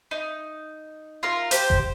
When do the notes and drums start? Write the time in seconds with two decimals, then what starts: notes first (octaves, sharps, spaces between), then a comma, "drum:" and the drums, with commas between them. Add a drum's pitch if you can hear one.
0.11 D#4
1.23 F4 A#4
1.51 G4 C5, drum: hi-hat
1.70 drum: kick F#1